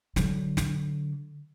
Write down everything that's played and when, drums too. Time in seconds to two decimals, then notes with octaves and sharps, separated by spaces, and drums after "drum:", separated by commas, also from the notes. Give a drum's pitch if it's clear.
0.16 D3 F#3, drum: snare
0.57 drum: snare